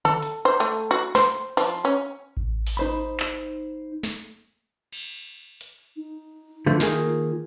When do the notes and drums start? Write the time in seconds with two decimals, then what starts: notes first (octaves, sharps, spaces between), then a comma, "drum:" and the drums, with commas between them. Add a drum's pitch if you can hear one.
0.05 A4, drum: tom D3
0.22 drum: hi-hat
0.45 C5
0.60 A3
0.91 F#4
1.15 C5, drum: snare
1.57 F3, drum: open hi-hat
1.85 C#4
2.37 drum: kick A1
2.67 drum: open hi-hat
2.77 D#4 C5 B5
3.20 drum: clap
4.03 drum: snare
4.92 drum: cymbal
5.61 drum: hi-hat
5.96 D#4
6.66 D3 F3 A3
6.80 D#3 A#3 G#4, drum: snare
6.97 F4